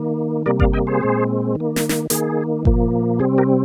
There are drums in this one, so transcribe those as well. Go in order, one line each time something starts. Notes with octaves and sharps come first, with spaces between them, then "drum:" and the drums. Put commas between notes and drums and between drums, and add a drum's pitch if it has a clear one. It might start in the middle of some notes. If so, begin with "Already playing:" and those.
Already playing: D#3 A#3
C3 G3 A#3 A#4 D5
D5 F5, drum: kick G1
D#5 G5
G#4 C5
A#2 G#3 C4
D#3
A#3
drum: snare
drum: snare
D#3 A#3 G#4, drum: hi-hat
A#2 F3 A#3, drum: kick G1
C3 G3 C4 G#4
G4 A#4